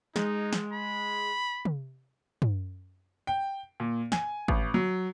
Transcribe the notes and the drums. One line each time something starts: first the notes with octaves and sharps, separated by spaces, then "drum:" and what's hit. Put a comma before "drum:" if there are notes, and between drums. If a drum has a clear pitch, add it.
G#3 D#4, drum: snare
drum: snare
B5
drum: tom
drum: tom
G5
A#2
G#5, drum: snare
A1, drum: kick G#1
F#3